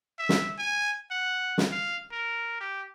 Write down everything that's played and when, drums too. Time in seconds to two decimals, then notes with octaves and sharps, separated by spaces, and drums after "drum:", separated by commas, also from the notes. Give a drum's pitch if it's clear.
0.19 E5
0.29 drum: snare
0.58 G#5
1.11 F#5
1.58 drum: snare
1.71 F5
2.12 A#4
2.61 G4